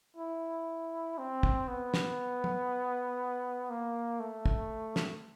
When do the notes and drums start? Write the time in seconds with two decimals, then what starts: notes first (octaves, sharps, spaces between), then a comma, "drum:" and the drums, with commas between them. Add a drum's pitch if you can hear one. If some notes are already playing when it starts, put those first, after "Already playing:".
0.17 E4
1.18 C4
1.43 drum: kick
1.68 B3
1.94 drum: snare
2.44 drum: tom
3.70 A#3
4.20 A3
4.46 drum: kick
4.96 drum: snare